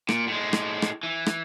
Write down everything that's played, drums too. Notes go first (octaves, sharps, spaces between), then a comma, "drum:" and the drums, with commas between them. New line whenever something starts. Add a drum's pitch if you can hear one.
A#2, drum: rim click
A2 G#3
drum: rim click
drum: rim click
E3
drum: rim click